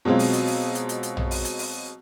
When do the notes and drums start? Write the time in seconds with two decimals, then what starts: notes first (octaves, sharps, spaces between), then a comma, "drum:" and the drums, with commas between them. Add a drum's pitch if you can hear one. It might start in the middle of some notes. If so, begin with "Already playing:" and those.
0.05 B2 F#3 G#3 C4 F4
0.19 drum: open hi-hat
0.33 drum: hi-hat
0.47 drum: open hi-hat
0.75 drum: hi-hat
0.89 drum: hi-hat
1.03 drum: hi-hat
1.17 drum: tom
1.31 drum: open hi-hat
1.45 drum: hi-hat
1.59 drum: open hi-hat